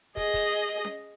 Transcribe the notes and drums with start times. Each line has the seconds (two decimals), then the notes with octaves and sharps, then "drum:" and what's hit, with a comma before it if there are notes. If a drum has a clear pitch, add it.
0.17 G#4 D#5, drum: kick, hi-hat
0.34 drum: kick, open hi-hat
0.51 drum: hi-hat
0.68 drum: hi-hat
0.85 drum: snare C#4